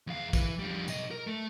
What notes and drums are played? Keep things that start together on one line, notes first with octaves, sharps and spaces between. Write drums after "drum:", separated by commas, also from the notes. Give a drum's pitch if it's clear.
E2 F5
E3, drum: kick, tambourine
F2 G3
B1 D#5, drum: tambourine
A#4
A3